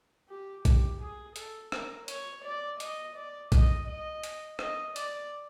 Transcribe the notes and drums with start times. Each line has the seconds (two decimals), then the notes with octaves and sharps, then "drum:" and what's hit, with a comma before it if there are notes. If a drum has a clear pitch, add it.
0.29 G4
0.65 G4, drum: kick A#1, hi-hat
1.01 G#4
1.36 A4, drum: hi-hat
1.72 A#4, drum: rim click
2.08 C#5, drum: hi-hat
2.44 D5
2.80 D#5, drum: hi-hat
3.16 D5
3.52 D#5, drum: kick A#1, hi-hat
3.87 D#5
4.23 drum: hi-hat
4.59 D#5, drum: rim click
4.96 D5, drum: hi-hat